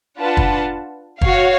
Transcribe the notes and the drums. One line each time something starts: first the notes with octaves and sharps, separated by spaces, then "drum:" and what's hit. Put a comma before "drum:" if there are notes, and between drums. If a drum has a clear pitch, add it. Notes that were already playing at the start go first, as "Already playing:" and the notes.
D4 F4 B4 F#5 A5
drum: kick
F#4 C#5 F5, drum: kick